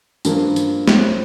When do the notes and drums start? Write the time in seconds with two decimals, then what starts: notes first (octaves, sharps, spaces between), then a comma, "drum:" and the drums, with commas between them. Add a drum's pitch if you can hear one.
0.25 G2 F3 A#3 F4, drum: tambourine
0.56 drum: tambourine
0.88 G3 C#4 G4 C5, drum: snare